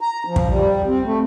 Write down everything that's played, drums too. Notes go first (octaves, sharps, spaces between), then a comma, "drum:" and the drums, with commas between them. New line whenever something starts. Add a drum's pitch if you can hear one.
A#5
F3
drum: kick
G3
C4
A3